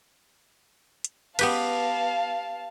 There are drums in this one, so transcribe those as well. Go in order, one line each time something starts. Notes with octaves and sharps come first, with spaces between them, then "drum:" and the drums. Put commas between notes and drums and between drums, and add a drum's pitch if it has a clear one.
drum: hi-hat
B3 G4 B4 F5 A5, drum: cymbal